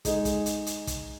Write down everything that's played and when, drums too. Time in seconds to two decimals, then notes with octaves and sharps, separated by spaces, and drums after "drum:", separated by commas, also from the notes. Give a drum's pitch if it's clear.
0.05 G#3 D#4 G#4, drum: kick, hi-hat
0.25 drum: kick, hi-hat
0.46 drum: hi-hat
0.66 drum: hi-hat
0.87 drum: kick, hi-hat